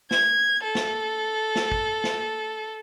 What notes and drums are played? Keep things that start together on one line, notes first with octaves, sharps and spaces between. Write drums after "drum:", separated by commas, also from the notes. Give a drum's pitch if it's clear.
G#6, drum: snare
A4
drum: snare
drum: snare
drum: kick
drum: snare